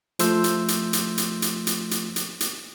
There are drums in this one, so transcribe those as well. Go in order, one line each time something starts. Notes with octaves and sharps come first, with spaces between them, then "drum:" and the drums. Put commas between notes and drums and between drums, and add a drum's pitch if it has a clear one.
F3 A3 C6 E6 G6, drum: hi-hat
drum: hi-hat
drum: hi-hat
drum: hi-hat
drum: hi-hat
drum: hi-hat
drum: hi-hat
drum: hi-hat
drum: hi-hat
drum: hi-hat